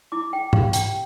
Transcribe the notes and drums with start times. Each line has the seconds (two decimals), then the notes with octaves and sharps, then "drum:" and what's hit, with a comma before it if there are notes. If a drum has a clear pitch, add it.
0.12 E4 D6
0.33 G5
0.53 G4 F5, drum: tom
0.73 G5, drum: hi-hat